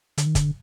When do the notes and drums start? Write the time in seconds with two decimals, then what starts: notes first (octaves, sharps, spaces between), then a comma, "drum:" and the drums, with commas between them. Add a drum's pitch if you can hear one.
0.18 D3, drum: hi-hat
0.26 D#3
0.35 D3, drum: kick, hi-hat